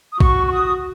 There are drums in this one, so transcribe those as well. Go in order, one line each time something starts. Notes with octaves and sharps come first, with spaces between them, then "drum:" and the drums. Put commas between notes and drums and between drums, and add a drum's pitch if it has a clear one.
D#6
F#4 C#6, drum: kick A#1
C#6
D#6